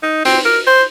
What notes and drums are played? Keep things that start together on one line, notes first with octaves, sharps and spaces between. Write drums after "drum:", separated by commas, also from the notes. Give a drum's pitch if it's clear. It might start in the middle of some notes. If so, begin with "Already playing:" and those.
D#4
C4, drum: open hi-hat
A#4
C5